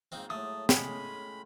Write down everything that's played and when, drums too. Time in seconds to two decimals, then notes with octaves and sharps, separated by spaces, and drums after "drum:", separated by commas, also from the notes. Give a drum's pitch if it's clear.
0.12 G#2 A#3 C4 D#4 F4
0.30 A2 F#3 A3 D#6
0.69 G#3 C#4 F4 G4 B5, drum: snare